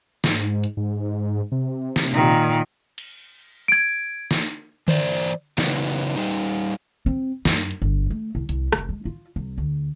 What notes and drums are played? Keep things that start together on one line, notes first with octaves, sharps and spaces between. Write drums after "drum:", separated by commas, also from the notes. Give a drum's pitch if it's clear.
G#2, drum: snare
drum: hi-hat
G#2
C3
drum: snare
A#2 D#3
drum: cymbal
G#6 D7
drum: snare
E3 C5 D5, drum: tom D3
C#3 E3 F#3 B3 D#4, drum: snare
G3 D#4
C4
F#2, drum: snare
drum: hi-hat
G1
A3
C2
C2, drum: hi-hat
F1, drum: rim click
G#3
F4
C2
D2